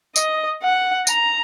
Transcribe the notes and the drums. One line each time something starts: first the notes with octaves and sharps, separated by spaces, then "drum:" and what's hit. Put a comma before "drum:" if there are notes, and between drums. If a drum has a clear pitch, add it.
D#5, drum: tambourine
F#5
A#5, drum: tambourine